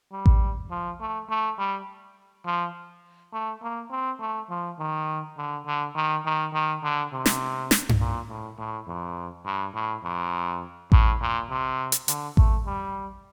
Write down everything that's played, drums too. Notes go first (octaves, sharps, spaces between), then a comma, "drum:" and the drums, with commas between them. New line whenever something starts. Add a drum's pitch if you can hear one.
G3
drum: kick A1
F3
A3
A3
G3
F3
A3
A#3
C4
A3
F3
D#3
D3
D3
D#3
D#3
D#3
D3
C3
drum: snare
drum: snare
drum: tom G2
A#2
A2
A2
F2
G2
A2
F2
A2, drum: kick A1
A#2
C3
drum: hi-hat
D3, drum: hi-hat
A3, drum: kick A1
G3